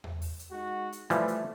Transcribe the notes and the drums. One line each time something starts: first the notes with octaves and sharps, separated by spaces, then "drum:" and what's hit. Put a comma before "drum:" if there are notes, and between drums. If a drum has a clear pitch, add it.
drum: tom E2
drum: open hi-hat
drum: hi-hat
G#3 D#4 F#4
drum: hi-hat
E3 F3 G3 A3, drum: hi-hat
drum: hi-hat